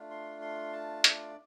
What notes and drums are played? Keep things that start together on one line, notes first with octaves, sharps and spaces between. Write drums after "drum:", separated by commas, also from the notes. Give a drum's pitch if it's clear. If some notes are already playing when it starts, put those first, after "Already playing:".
Already playing: A3 D4 F4
C6
C6
A5
D5, drum: hi-hat